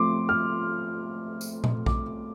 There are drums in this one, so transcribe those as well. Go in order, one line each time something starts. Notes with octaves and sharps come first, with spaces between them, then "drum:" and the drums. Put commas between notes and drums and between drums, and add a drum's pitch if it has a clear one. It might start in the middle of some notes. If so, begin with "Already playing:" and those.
Already playing: F3 A3 C4 C6 D6
F6
drum: tambourine
drum: tom A#2
D6, drum: kick A#1